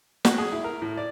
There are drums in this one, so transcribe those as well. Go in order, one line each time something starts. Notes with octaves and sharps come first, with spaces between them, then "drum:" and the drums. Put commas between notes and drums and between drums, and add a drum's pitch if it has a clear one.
F#4, drum: snare
G#4
E4
A#4
A2
D5